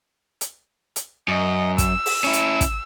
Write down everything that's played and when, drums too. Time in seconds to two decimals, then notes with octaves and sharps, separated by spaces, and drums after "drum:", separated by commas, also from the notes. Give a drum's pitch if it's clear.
0.41 drum: hi-hat
0.96 drum: hi-hat
1.28 F#2 D#5
1.78 E6, drum: kick, hi-hat
2.06 drum: open hi-hat
2.24 C#4 E4
2.33 drum: hi-hat
2.61 drum: kick, hi-hat